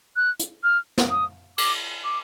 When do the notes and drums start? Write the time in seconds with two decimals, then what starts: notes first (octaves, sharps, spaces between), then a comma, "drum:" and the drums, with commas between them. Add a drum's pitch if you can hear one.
0.16 F#6
0.39 drum: hi-hat
0.64 F6
0.98 drum: snare
1.10 D#6
1.58 D6, drum: cymbal
2.04 D6